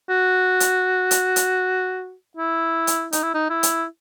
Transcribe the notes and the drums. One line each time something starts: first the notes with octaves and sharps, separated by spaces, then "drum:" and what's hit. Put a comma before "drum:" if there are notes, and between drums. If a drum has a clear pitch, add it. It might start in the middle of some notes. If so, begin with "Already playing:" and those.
F#4
drum: hi-hat
drum: hi-hat
drum: hi-hat
E4
drum: hi-hat
D#4, drum: hi-hat
E4
D#4
E4
drum: hi-hat